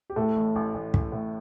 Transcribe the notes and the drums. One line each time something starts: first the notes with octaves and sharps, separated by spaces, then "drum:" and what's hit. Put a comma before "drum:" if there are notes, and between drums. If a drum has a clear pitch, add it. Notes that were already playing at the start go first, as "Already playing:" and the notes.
G4
A2 A3 A4
A1
A1
A1
A1, drum: kick
A2